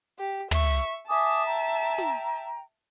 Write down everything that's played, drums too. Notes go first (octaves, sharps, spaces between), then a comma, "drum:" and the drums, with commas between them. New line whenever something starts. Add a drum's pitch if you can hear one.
G4
E5 C#6, drum: tom
E5 G#5 A5 D6 D#6
G5 A#5
drum: snare